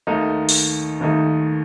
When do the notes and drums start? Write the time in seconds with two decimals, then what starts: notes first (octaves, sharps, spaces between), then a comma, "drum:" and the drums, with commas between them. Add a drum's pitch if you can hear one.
0.07 D#2 D#3 A3 D#4
0.49 drum: open hi-hat
1.01 D#2 D#3 A3 D#4